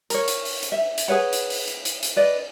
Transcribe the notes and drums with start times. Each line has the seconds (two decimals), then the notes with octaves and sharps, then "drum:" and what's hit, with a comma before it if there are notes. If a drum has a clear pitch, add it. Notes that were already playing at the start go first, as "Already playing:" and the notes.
0.10 A#4 C#5, drum: hi-hat
0.28 drum: hi-hat
0.45 drum: open hi-hat
0.63 drum: hi-hat
0.72 E5
0.98 drum: hi-hat
1.08 G#4 B4 C#5 F#5
1.33 drum: hi-hat
1.50 drum: open hi-hat
1.68 drum: hi-hat
1.85 drum: hi-hat
2.03 drum: hi-hat
2.16 B4 D5 D#5